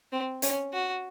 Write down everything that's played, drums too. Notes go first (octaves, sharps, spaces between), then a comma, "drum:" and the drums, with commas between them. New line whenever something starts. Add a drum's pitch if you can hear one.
C4
C#4, drum: hi-hat
F#4